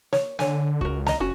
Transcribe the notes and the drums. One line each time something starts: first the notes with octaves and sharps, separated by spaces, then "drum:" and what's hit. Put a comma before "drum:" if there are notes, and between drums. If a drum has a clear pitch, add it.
C#5, drum: snare
D3 C#5 G#5, drum: snare
C#2 F#4 A#4, drum: kick
D#5 A#5, drum: snare
F1 C#4 F#4